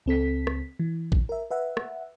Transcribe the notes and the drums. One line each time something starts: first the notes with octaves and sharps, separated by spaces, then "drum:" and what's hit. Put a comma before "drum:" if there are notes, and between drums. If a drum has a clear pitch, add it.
C#2 C4 A4 B6
drum: rim click
E3
drum: kick
A#4 E5
B4 E5 F#5
drum: rim click